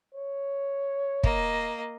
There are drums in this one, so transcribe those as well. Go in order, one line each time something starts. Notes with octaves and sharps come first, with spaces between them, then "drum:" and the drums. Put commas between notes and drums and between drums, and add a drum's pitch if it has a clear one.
C#5
A#3 D#5, drum: kick